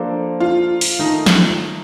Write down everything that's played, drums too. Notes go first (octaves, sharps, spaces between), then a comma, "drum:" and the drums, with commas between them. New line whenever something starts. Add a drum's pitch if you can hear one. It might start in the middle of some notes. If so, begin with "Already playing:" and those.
Already playing: F3 A#3 D4 A4 C5
F4
drum: open hi-hat
D#3 A3 D#4 A#4
drum: snare